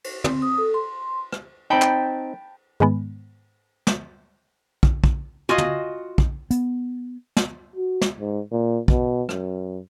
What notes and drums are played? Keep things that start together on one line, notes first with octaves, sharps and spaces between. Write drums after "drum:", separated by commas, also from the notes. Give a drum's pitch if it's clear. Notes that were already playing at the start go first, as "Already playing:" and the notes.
drum: cymbal
C4, drum: tom
D#6
A4
C6
drum: rim click
C4 D#4 G5 A5 B5
drum: clap
G#2 D#3 G#3 B3
drum: snare
drum: kick
drum: kick
F4 F#4 D#5 F5 G#5
drum: tom
drum: kick
B3, drum: hi-hat
drum: snare
F#4
drum: snare
G#2
A#2
B2, drum: kick
F#2, drum: rim click